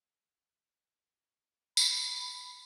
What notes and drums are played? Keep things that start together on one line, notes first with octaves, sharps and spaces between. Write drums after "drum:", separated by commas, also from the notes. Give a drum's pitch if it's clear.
B5, drum: tambourine